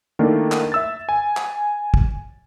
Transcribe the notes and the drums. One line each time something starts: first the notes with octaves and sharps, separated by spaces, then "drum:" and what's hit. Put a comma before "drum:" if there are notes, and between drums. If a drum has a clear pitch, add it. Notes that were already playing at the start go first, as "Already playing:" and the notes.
D#3 A3 A#3 D4 E4 A#4
drum: clap
E5 E6 A6
G#5
drum: clap
drum: kick